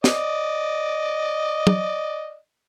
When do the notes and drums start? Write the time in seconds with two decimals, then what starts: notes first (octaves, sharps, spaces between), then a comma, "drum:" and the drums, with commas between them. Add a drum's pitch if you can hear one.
0.04 D5 D#5, drum: snare
1.67 drum: tom